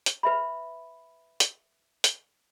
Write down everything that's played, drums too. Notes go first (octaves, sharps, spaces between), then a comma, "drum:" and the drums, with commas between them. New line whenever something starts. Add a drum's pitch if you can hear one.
drum: hi-hat
B4 E5 B5
drum: hi-hat
drum: hi-hat